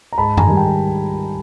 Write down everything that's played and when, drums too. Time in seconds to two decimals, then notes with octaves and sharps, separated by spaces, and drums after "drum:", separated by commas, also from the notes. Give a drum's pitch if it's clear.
0.13 A#5
0.18 G#2 A5 B5
0.37 G#5 A#5, drum: tom F#2
0.47 D#3 G3
0.57 G5 A5